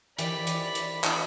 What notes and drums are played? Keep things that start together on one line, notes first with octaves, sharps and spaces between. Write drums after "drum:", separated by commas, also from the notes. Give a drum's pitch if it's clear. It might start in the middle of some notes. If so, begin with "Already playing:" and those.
D#3 E3 G4 C5 D5 B5, drum: hi-hat
drum: hi-hat
drum: hi-hat
drum: clap